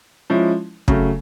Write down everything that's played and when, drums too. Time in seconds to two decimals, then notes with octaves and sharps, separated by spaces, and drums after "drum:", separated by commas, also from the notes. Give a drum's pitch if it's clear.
0.30 F3 G#3 C#4 E4
0.88 C#3 F#3 A3, drum: kick